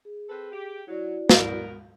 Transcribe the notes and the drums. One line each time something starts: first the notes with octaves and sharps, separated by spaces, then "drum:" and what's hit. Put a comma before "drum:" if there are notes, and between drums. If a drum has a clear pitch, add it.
G#4
C4 A4 B4
G4
F#3 E4 F#4 D5
B3 A#4, drum: snare